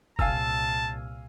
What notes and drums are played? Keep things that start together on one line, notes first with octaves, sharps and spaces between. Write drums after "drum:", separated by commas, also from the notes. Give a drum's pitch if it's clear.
C2 A#2 F5 G#5 A5 E6, drum: kick